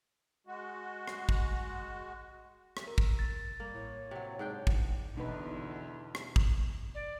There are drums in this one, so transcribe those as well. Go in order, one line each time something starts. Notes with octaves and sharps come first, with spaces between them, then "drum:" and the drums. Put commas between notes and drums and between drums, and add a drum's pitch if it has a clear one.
G#3 F#4
drum: rim click
drum: kick
drum: rim click
A#4
drum: kick
A6
G3 A#3
A2 C#5
C3 F#3
G#2 D4 G5
drum: kick
E2 B2 D3 D#4 B4
drum: rim click
drum: kick
D5